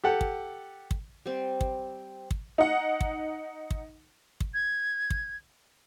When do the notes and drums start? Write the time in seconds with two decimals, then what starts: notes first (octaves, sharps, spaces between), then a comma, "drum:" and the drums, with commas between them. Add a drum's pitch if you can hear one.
0.04 G4 A4 F#5
0.21 drum: kick
0.91 drum: kick
1.26 G3 C4
1.61 drum: kick
2.31 drum: kick
2.58 D#4 F#5
3.01 drum: kick
3.70 drum: kick
4.40 drum: kick
4.54 G#6
5.10 drum: kick